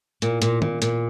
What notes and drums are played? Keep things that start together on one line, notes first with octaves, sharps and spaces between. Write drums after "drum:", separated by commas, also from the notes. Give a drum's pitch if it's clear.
A#2, drum: hi-hat
A#2, drum: hi-hat
A#2, drum: tom D#3
A#2, drum: hi-hat